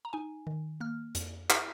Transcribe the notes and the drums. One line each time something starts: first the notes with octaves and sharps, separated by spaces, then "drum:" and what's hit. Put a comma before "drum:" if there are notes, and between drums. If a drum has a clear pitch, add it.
A#5
D#4 G#5
D#3
A#3 F6
F2, drum: hi-hat
drum: clap